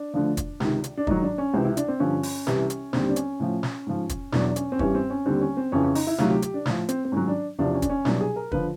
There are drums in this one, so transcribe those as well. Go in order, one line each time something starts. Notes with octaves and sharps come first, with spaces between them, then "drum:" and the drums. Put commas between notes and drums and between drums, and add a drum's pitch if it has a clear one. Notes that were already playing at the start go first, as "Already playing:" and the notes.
Already playing: D4
D2 D3 F3
drum: kick, hi-hat
C#2 C3 D#3, drum: snare
drum: hi-hat
D4
G#2 D#3 F#3 D#4, drum: kick
D4
C#4
C#2 C3 E3 C4
E4
D4, drum: hi-hat
C4
G2 D3 F3 C#4
drum: open hi-hat
C2 C3 E3 G3, drum: snare
drum: hi-hat
D#2 D3 G3 C4, drum: snare
D4
C#4, drum: hi-hat
A2 F3
drum: snare
G#2 F3
drum: kick, hi-hat
E2 B2 F#3 D4, drum: snare
C#4, drum: hi-hat
C4
G2 E3 G3 C#4, drum: kick
C4
C#4
D#2 D3 G3 C4
C#4
C4
F2 C#3 E3 C#4
C#4
D#4, drum: open hi-hat
E4
D2 C3 D#3 F#3 F4, drum: snare
G4
G4, drum: hi-hat
D4
A2 F3, drum: snare
C4, drum: hi-hat
C4
G#2 D#3 F#3 C#4
D4
E2 C3 F3 D4
C#4
D4, drum: kick, hi-hat
C#4
C2 B2 F#3 D4, drum: snare
G#4
A#4
D3 F3 B4, drum: kick